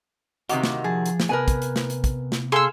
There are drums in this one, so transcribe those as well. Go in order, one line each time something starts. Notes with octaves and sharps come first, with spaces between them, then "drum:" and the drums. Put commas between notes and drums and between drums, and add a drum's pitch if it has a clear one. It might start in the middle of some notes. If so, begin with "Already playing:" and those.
C3 D#3 F#4 D#5 F5 D6, drum: hi-hat
drum: snare
F3 G#4 A5
drum: hi-hat
drum: snare
C3 B3 A#4 B4 G#5
drum: kick, hi-hat
drum: hi-hat
drum: snare
drum: hi-hat
drum: kick, hi-hat
drum: snare
G#4 A4 F5 C6 E6